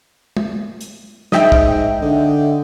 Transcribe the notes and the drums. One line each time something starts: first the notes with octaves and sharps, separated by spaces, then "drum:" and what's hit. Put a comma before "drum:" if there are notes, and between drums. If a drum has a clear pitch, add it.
drum: tom
drum: hi-hat
G#2 D#5 E5 G5, drum: snare
drum: kick
D3